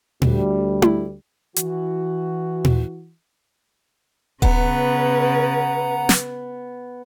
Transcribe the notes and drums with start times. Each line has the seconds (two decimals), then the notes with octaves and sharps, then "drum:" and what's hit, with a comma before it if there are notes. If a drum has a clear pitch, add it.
0.22 D2 G3, drum: tom A#2
0.82 drum: tom E4
1.56 E3 F#4, drum: hi-hat
2.65 drum: tom A#2
4.42 C#3 B3 B4 F#5 A#5, drum: kick D#1
6.09 drum: snare